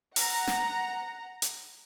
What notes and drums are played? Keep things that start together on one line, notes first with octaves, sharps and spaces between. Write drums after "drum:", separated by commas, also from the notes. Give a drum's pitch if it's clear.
F#5 A#5, drum: open hi-hat
drum: snare
drum: hi-hat